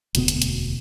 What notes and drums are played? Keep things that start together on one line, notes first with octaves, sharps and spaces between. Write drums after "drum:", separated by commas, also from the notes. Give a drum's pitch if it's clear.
E1 D2 B2 B3, drum: hi-hat
drum: hi-hat
drum: hi-hat